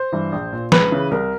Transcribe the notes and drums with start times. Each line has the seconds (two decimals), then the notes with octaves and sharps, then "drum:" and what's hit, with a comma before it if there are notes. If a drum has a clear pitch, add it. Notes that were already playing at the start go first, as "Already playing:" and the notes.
Already playing: C5
0.12 G2 E3
0.32 A#1
0.53 A#2
0.72 C#2 B4, drum: snare
0.92 C#3 E3
1.11 C2 A#4